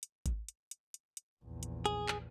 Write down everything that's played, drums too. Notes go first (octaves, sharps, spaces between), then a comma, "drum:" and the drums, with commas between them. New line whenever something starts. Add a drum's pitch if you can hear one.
drum: hi-hat
drum: kick, hi-hat
drum: hi-hat
drum: hi-hat
drum: hi-hat
drum: hi-hat
A#1 E2
drum: hi-hat
G#4, drum: hi-hat
drum: clap